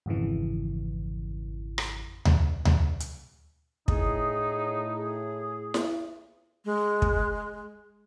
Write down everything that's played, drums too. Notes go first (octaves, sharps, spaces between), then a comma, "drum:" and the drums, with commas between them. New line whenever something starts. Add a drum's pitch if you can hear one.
G#1 F2 C#3 E3
drum: rim click
drum: tom D2
drum: tom D2
drum: hi-hat
A2 D#4 G#4, drum: kick
G#4
drum: snare E4
G#3
drum: kick